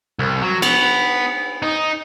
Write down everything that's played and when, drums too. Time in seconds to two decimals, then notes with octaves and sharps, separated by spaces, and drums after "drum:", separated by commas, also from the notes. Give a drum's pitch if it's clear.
0.19 C2
0.42 F#3
0.62 B3, drum: cymbal
1.62 D#4